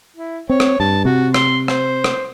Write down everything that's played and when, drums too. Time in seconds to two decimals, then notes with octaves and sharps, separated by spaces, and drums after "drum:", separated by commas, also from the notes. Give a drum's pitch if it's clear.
0.16 E4
0.50 C4 C#5
0.60 drum: rim click
0.80 G2 A5
1.05 C3 F#4
1.34 C6, drum: rim click
1.68 C5, drum: rim click
2.04 drum: rim click